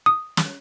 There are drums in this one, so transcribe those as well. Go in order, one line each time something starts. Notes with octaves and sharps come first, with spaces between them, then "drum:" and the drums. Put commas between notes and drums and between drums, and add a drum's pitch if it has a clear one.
D#6
drum: snare